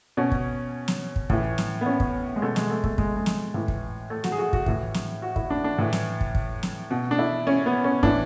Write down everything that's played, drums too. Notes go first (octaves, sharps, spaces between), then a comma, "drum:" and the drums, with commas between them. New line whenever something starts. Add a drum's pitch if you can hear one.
B2 C#4
drum: kick
drum: snare
drum: kick
A2 E3, drum: kick
drum: snare
B3
C#4
drum: kick
G#3
B2 A3
G#3, drum: snare
A3
A3, drum: kick
G#3, drum: kick
G#3
drum: snare
A2 E3
drum: kick
A3
F#4, drum: snare
G#4
F#4
F#4, drum: kick
A2 E3, drum: kick
drum: snare
F#4
E4, drum: kick
D4
D4
A2 E3
drum: snare
drum: kick
drum: kick
drum: snare
B2
D4
E4
C#4
B3
C#4
A2 E3 D4, drum: kick